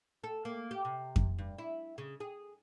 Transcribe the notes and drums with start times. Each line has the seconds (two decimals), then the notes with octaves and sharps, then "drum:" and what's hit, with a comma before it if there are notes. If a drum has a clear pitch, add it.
0.24 A4
0.45 A#3
0.71 G4
0.85 C3
1.16 drum: kick F2
1.38 G2
1.58 E4
1.98 C#3
2.20 G#4